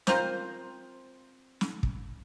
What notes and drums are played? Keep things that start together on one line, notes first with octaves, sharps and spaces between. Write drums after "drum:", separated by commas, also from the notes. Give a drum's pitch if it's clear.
C4 F4 A#4 C5, drum: snare
drum: snare
drum: kick